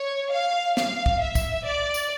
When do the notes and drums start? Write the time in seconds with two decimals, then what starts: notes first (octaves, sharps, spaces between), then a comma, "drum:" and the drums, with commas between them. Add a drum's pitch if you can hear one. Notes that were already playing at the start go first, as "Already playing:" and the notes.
Already playing: C#5
0.32 F5
0.77 F5, drum: snare
1.06 drum: kick
1.21 E5
1.35 drum: kick, tambourine
1.65 D5
1.94 drum: tambourine